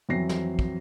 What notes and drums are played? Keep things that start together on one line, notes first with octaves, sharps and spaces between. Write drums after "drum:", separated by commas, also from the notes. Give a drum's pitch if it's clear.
F2 E3 F#3 C4 A#6 C7
drum: snare
drum: kick